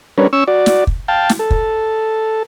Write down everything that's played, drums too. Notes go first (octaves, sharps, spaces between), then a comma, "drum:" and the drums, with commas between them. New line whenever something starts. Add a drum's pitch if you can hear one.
G3 C#4 D4 A#4 B4 C#5
C#4 C#6 E6
F#4 D5
drum: snare
drum: kick
F5 G5 A5
drum: snare
A4
drum: kick